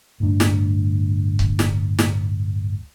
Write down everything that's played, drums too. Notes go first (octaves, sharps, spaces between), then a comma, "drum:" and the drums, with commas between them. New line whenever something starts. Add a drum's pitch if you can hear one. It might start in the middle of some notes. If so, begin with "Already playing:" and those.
D1 D2 G2 D4
drum: snare
drum: kick C#1
drum: snare
drum: snare